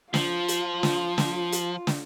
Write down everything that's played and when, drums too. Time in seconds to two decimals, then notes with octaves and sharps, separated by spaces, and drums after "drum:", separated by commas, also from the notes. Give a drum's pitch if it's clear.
0.14 F3 F4, drum: snare
0.48 drum: hi-hat
0.83 drum: snare
1.18 drum: snare
1.52 drum: hi-hat
1.87 drum: snare